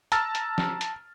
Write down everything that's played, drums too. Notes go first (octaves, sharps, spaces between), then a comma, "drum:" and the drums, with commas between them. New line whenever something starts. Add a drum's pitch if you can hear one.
A5 A#5 E6 F6 A6, drum: hi-hat
drum: hi-hat
drum: snare
drum: hi-hat